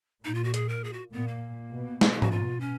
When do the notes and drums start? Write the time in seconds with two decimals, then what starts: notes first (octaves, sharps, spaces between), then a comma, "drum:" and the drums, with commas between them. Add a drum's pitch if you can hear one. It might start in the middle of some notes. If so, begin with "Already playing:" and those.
0.24 A#2 D#4
0.35 F4
0.44 F#4
0.54 G#4, drum: hi-hat
0.69 A#4
0.84 G#4
0.93 F#4
1.13 A#2 B3
1.28 A#3
1.72 B2
2.01 B3, drum: snare
2.12 G#3
2.22 F#4, drum: tom G#2
2.31 B2 F4
2.61 C#4